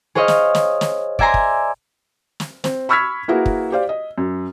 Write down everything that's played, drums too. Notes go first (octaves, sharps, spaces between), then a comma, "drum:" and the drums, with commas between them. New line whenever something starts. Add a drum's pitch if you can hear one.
G#4 C5 C#5 D#5 F5
drum: snare
drum: snare
drum: snare
D5 E5 G#5 A#5 C6, drum: kick
drum: kick
drum: snare
C4, drum: snare
B5 C#6 E6 F6 G#6 B6
A#3 E4 F#4 G#4 A#4 B4
drum: kick
G4 C5 D5 F5
D#5
F#2